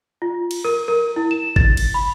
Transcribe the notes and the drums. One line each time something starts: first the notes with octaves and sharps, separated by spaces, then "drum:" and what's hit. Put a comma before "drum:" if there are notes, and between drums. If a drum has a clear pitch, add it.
F4
drum: cymbal
A#4
A#4
E4
E7
A6, drum: kick G#1
drum: cymbal
B5